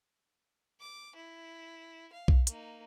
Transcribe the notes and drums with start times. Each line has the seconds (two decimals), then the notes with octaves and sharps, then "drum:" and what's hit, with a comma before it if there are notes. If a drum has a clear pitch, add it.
0.80 D6
1.16 E4
2.13 F5
2.28 drum: kick B1
2.47 A#3 D#4, drum: hi-hat